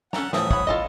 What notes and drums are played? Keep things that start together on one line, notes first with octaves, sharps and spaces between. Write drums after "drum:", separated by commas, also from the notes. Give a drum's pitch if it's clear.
C#4 A4 F#5 A#5, drum: snare
A2 E3 F3 A3 E5 D#6, drum: snare
E3 C#5 F#5 B5, drum: kick
E4 F4 A4 D#5